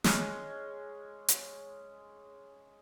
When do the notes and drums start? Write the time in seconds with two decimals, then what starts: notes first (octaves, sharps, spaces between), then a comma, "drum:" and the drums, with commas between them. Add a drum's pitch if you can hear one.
0.04 G#3 C#4, drum: snare
1.28 drum: hi-hat